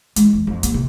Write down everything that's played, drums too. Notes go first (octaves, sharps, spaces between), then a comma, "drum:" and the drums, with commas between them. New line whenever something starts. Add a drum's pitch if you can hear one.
G#3 E4, drum: hi-hat
E2
F2
A#1, drum: hi-hat
C3